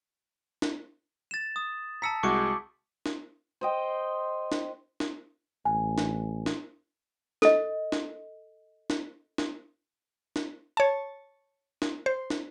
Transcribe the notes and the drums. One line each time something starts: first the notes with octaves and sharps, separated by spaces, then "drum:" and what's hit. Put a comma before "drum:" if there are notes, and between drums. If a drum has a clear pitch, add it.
drum: snare
A6 E7
D#6
A5 A#5 E6 B6 C#7
C2 G#3 F#4 C#6 D6 C#7
drum: snare
C5 D#5 G5
drum: snare
drum: snare
A1 G#5
drum: snare
drum: snare
A4 D#5, drum: snare
drum: snare
drum: snare
drum: snare
drum: snare
C#5 A5
drum: snare
C5
drum: snare